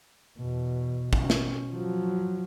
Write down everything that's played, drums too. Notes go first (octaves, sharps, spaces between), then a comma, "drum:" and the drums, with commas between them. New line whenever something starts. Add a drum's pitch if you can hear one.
E2 B2
B2 C#4, drum: kick
drum: snare
F3 F#3